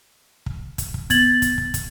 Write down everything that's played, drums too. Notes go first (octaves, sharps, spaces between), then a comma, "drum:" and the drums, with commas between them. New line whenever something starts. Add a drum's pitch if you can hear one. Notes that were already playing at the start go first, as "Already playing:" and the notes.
drum: kick
drum: kick, hi-hat
drum: kick
B3 G#6 A6 F#7, drum: kick, hi-hat
drum: kick, hi-hat
drum: kick
drum: kick, hi-hat